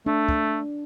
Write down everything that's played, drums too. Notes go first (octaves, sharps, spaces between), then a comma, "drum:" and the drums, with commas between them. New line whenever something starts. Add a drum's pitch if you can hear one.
A3 D4
drum: kick